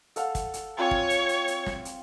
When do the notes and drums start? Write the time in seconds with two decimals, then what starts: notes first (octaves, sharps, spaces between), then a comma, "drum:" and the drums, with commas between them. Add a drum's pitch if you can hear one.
0.16 A4 F5 F#5, drum: hi-hat
0.35 drum: kick, hi-hat
0.54 drum: hi-hat
0.78 C4 F4 C#5 G#5
0.91 drum: kick
1.10 drum: hi-hat
1.29 drum: hi-hat
1.48 drum: hi-hat
1.66 drum: snare
1.85 drum: hi-hat